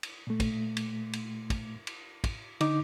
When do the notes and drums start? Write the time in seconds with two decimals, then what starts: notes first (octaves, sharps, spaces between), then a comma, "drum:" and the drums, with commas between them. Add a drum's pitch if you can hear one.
0.03 drum: cymbal
0.27 A#2 A3
0.40 drum: kick, cymbal
0.77 drum: cymbal
1.13 drum: cymbal
1.50 drum: kick, cymbal
1.87 drum: cymbal
2.24 drum: kick, cymbal
2.61 D3 D#4 D6, drum: cymbal